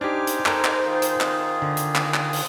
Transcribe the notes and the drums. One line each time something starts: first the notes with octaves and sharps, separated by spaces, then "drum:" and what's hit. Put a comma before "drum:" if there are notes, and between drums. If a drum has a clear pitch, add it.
D4 D#4 G4 C5 G#5 D6 F6
drum: hi-hat
D#4 A4 A#4 G5, drum: clap
drum: clap
D#3 F4 G#4
drum: hi-hat
drum: clap
D3
drum: hi-hat
drum: clap
drum: clap
drum: open hi-hat